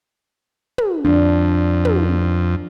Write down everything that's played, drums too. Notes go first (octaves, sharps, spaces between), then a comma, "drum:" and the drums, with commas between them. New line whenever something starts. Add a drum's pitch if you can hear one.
drum: tom
F2 D4
drum: tom